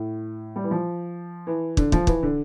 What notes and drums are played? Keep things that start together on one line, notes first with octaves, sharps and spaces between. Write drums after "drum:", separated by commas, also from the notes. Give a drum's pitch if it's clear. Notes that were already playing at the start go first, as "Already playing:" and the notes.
Already playing: A2
G3
E3
F3
E3
D3, drum: kick
F3, drum: kick
E3, drum: kick
D3